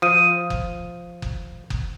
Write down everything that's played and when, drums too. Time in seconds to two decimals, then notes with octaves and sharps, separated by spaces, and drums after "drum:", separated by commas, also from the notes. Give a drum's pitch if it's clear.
0.02 F3 D#6 D#7
0.50 drum: kick F#1
1.22 drum: kick F#1
1.70 drum: kick F#1